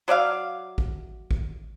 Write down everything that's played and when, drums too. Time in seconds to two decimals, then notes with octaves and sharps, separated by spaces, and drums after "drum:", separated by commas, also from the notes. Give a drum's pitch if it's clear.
0.08 F#3 D5 E5 F5
0.78 drum: kick
1.31 drum: kick